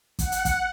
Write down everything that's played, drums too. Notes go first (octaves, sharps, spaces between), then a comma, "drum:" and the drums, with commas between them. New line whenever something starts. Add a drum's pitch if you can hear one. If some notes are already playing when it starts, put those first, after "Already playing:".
F#5, drum: kick, hi-hat
drum: hi-hat
drum: kick, hi-hat